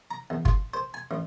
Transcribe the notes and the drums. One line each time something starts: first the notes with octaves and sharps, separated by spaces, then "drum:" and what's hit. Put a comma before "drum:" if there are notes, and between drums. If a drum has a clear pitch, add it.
A#5
E2
F4, drum: kick G1
C5
G#5
A1